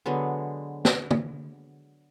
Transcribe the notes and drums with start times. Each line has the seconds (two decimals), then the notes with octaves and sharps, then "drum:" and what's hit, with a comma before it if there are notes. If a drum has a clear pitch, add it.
0.06 D3 F#3 G#3 B3
0.85 drum: snare
1.11 drum: tom